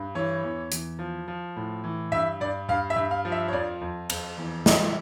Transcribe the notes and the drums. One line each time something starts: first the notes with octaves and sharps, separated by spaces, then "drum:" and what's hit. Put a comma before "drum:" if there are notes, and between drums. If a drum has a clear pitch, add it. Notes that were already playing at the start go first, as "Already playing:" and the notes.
Already playing: G2
E3 C#5
E2
E2, drum: hi-hat
F3
F3
A2
E3
G2 E5
G2 D5
G2 F5
E5
G2
F5
F3
E5
C#5
F2 D5
F2
F2, drum: cymbal
E2
E3, drum: snare